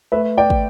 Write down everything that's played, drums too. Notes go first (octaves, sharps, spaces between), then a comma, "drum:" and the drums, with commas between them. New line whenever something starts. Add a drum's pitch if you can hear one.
A3 B4 E5
D5 G5
drum: kick